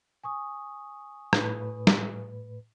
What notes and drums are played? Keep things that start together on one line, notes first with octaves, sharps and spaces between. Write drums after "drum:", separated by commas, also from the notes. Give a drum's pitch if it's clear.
G#5 C#6 D#6
A2 B4, drum: rim click
drum: snare